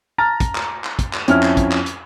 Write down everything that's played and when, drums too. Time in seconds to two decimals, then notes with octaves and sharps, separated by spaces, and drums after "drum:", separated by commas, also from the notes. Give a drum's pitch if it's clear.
0.18 A5 A#5 F6 A6
0.40 drum: kick, hi-hat
0.55 drum: clap
0.84 drum: clap
0.99 drum: kick, hi-hat
1.13 drum: clap
1.28 F2 C#4 E4 F6, drum: hi-hat
1.42 drum: clap
1.57 drum: kick, hi-hat
1.72 drum: clap
1.86 drum: hi-hat